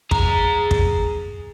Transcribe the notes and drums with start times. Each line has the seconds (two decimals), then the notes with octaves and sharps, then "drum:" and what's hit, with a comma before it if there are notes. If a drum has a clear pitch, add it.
0.11 G#4 A#5, drum: kick
0.71 drum: kick